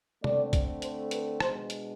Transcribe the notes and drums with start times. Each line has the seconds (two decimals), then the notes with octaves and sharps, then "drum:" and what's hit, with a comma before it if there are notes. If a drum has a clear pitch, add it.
0.24 D3 A3 C4 D5, drum: tom
0.53 drum: kick, hi-hat
0.82 C5, drum: hi-hat
1.11 B4, drum: hi-hat
1.40 B2 G#3 D4 C5, drum: rim click
1.70 drum: hi-hat